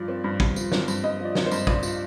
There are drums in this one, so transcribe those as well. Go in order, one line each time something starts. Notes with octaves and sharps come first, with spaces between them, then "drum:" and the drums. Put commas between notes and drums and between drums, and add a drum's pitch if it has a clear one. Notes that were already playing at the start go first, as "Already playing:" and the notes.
Already playing: G2 F3 D5
C4
G2
G2, drum: kick
F3, drum: tambourine
C4, drum: snare
G2, drum: tambourine
G2 D#5
F3 D5
C4, drum: snare
C5
G2, drum: tambourine
G2 D5, drum: kick
F3, drum: tambourine